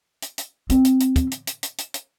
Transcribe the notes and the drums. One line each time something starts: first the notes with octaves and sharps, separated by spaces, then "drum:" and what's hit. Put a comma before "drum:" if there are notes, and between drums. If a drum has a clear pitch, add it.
drum: hi-hat
drum: hi-hat
C4, drum: hi-hat
drum: hi-hat
drum: hi-hat
drum: kick, hi-hat
drum: hi-hat
drum: hi-hat
drum: hi-hat
drum: hi-hat
drum: hi-hat